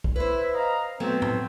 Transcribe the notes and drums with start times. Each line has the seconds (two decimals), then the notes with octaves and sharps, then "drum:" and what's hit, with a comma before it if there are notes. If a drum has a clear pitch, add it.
0.04 drum: kick
0.16 E4 B4 C5
0.53 D#5 F5 A#5
1.00 F#3 A3 B3 C4
1.22 drum: tom